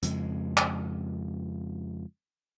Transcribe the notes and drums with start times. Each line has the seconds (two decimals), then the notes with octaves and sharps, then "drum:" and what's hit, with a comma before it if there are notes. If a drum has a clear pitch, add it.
0.02 F2 C#3 G#3, drum: hi-hat
0.57 drum: clap